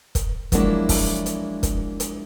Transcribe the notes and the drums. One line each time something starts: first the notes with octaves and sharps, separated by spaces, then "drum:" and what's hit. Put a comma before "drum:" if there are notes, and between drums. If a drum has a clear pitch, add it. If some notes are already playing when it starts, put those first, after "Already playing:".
drum: kick, hi-hat
F3 F#3 G#3 A#3 D4 E4, drum: kick, hi-hat
drum: kick, open hi-hat
drum: hi-hat
drum: kick, hi-hat
drum: hi-hat